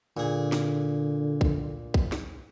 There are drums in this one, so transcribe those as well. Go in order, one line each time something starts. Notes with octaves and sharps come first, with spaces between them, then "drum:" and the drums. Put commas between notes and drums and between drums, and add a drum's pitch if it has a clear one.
A#2 D3 G#4
drum: snare
drum: kick
drum: kick
drum: snare